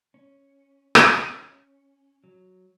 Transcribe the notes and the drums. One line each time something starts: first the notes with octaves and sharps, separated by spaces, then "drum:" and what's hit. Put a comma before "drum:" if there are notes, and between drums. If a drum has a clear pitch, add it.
C#4
C#4, drum: rim click
F#3